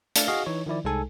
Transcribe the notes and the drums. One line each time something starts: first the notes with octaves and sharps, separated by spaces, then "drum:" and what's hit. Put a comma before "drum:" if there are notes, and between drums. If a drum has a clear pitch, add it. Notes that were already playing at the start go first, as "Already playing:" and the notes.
A3 D4 A4 F5 A5, drum: hi-hat
F#4 G#4 D#5 F5
E3 D#4 C#5
D#3 F3 E4 D5
C2 G#3 D#4 A4 G#5